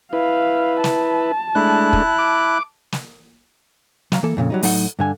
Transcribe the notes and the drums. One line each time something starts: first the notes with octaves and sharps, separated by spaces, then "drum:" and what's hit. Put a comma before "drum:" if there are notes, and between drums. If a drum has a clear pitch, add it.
E4 B4 F5
A5, drum: snare
G#3 A3 D4 E4 F#6
drum: kick
D6
drum: snare
F#3 F5 A#5, drum: snare
E3 A#3 A4
F2 A#2 C#3
F#3 G3 D#4
A2 F#3 D#4 F#5, drum: open hi-hat
G2 D3 G#5